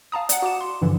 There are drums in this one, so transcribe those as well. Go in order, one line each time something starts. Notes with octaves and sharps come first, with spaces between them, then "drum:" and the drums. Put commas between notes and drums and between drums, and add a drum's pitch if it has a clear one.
F5 A5 A#5 D#6
D5 F#5, drum: hi-hat
F#4 D6 E7
C6
G2 D3 E3 F3